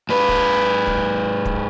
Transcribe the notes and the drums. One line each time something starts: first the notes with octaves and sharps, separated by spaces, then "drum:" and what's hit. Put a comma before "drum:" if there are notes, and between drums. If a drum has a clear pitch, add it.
G#2 B4
drum: kick
drum: kick
drum: kick